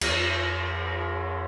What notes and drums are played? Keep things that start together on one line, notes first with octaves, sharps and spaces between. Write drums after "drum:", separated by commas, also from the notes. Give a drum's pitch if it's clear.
E2, drum: cymbal
F2